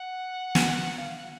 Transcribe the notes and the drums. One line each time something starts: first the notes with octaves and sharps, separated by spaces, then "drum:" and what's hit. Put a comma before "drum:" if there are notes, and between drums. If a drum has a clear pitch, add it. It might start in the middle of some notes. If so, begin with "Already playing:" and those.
Already playing: F#5
drum: snare
F5
F#5